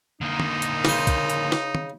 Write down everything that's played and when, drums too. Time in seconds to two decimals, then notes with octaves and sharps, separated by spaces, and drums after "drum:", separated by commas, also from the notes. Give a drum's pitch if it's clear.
0.21 D3 A#3 D#4
0.40 drum: tom
0.62 drum: hi-hat
0.85 C#3 C5, drum: snare
1.07 drum: kick, hi-hat
1.30 drum: hi-hat
1.52 drum: snare
1.75 drum: tom